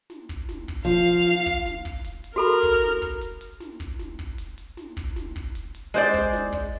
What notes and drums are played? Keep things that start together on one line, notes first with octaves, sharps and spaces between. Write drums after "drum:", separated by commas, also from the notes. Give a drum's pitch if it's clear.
drum: snare
drum: kick, hi-hat
drum: snare
drum: kick, open hi-hat
F3 F5, drum: hi-hat
drum: hi-hat
drum: snare
drum: kick, hi-hat
drum: snare
drum: kick, open hi-hat
drum: hi-hat
drum: hi-hat
F#4 A4 A#4 B5
drum: kick, hi-hat
drum: snare
drum: kick, open hi-hat
drum: hi-hat
drum: hi-hat
drum: snare
drum: kick, hi-hat
drum: snare
drum: kick, open hi-hat
drum: hi-hat
drum: hi-hat
drum: snare
drum: kick, hi-hat
drum: snare
drum: kick
drum: hi-hat
drum: hi-hat
G#3 C5 D5, drum: snare
drum: kick, hi-hat
drum: snare
drum: kick, open hi-hat